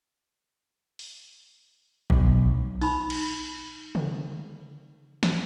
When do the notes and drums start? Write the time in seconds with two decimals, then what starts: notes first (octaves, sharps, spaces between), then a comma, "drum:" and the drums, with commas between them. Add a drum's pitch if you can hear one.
0.99 drum: open hi-hat
2.10 B1, drum: kick
2.81 D#4 B5, drum: open hi-hat
3.10 drum: cymbal
3.95 drum: tom C#3
5.23 drum: snare